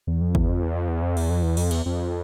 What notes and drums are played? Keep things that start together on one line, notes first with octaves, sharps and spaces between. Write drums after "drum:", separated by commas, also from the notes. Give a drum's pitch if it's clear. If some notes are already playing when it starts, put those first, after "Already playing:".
E2
F2
E2, drum: kick
F2
E2
F2
E2
F2
E2, drum: cymbal
F2
E2
F2, drum: open hi-hat
E2, drum: cymbal
F2